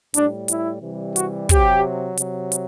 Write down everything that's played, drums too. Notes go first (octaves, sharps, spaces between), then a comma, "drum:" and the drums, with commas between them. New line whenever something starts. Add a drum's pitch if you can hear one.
A2 G3 D4, drum: hi-hat
E4, drum: hi-hat
C3 E3 G3
F#4, drum: hi-hat
C3 F#3 G4, drum: kick, hi-hat
C3 F#3, drum: hi-hat
drum: hi-hat